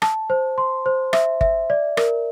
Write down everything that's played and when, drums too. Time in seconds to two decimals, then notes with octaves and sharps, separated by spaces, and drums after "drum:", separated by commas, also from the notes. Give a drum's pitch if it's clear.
0.02 A5, drum: rim click
0.30 C5
0.58 C6
0.86 C5
1.13 E5, drum: rim click
1.41 E5, drum: kick G1
1.70 D5
1.97 A#4, drum: rim click